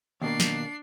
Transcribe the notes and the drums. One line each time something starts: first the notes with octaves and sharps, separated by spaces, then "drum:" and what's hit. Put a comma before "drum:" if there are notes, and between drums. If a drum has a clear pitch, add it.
D#2 B2 A#3 D4 C7
drum: snare